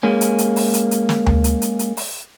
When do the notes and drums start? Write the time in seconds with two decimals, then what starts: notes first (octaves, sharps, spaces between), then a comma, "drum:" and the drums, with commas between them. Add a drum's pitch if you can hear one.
0.03 G#3 A#3 C#4
0.21 drum: hi-hat
0.38 drum: hi-hat
0.56 drum: open hi-hat
0.74 drum: hi-hat
0.91 drum: hi-hat
1.09 drum: snare
1.26 drum: tom D2
1.44 drum: hi-hat
1.62 drum: hi-hat
1.79 drum: hi-hat
1.97 drum: open hi-hat